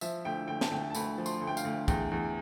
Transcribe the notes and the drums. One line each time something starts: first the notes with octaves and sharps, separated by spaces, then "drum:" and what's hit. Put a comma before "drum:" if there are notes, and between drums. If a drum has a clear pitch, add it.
F3 E5, drum: tambourine
D2 G5
D2 G5
A5, drum: snare
D2 G5
A5
D2 B5, drum: tambourine
F3
C6, drum: tambourine
D2
G5
F5, drum: tambourine
D2
E2 G5, drum: kick, tambourine
E2